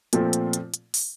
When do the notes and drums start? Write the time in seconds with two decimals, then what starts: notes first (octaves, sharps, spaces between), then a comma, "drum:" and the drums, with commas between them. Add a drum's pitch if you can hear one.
0.13 A#2 F3 A3 C4, drum: hi-hat
0.33 drum: hi-hat
0.53 drum: hi-hat
0.74 drum: hi-hat
0.94 drum: open hi-hat